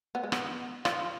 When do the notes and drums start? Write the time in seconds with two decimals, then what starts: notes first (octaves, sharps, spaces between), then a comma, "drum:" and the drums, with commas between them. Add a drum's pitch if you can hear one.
0.15 B3
0.23 G#3
0.32 B3, drum: rim click
0.85 F4, drum: rim click